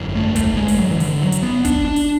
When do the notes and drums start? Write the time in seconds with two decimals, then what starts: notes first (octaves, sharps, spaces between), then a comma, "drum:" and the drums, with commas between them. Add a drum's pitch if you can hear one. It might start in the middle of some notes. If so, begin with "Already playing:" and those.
Already playing: G#1 F#2 D3
0.15 A3
0.36 A3, drum: kick, hi-hat
0.57 G#3
0.68 drum: open hi-hat
0.79 F#3
0.91 E3
1.00 D3, drum: open hi-hat
1.22 F#3
1.32 drum: hi-hat
1.42 B3
1.65 D4, drum: kick, hi-hat
1.85 D4
1.96 drum: open hi-hat